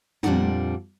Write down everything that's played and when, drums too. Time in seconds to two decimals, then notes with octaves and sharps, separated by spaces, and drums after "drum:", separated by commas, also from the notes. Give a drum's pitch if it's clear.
0.23 F2 A#2 G3 A3 D4 F#5, drum: tom